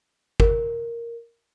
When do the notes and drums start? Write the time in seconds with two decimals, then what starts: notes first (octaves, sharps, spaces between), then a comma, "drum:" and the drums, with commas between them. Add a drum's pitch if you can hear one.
0.40 A#4, drum: kick G1